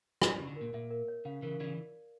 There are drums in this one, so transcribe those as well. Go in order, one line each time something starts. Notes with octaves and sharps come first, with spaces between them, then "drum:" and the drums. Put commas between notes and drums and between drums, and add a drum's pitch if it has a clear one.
D5, drum: rim click
C#3 G4
D3
A#2 A#4
A#2 E5
A#4
C#5
C#3 F5
C#3 E3 A#4
C#3 E3 D5